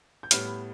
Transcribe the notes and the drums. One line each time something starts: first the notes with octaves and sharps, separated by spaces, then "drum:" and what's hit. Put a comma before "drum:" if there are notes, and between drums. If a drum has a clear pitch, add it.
G6
A2 G3 B3 F6, drum: hi-hat